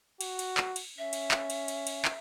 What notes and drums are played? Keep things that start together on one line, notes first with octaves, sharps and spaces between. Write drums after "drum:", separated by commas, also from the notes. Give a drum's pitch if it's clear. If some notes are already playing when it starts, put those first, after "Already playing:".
F#4, drum: cymbal
drum: cymbal
drum: clap
drum: cymbal
C#4 E5
drum: cymbal
drum: clap
drum: cymbal
drum: cymbal
drum: cymbal
drum: clap